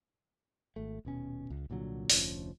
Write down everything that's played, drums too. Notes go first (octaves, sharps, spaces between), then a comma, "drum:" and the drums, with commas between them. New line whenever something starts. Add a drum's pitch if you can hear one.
G#1 A3
D#1 B2 C#4
C#2
C2 A#2 D3 F#3
F1 D2 F3 C#4, drum: open hi-hat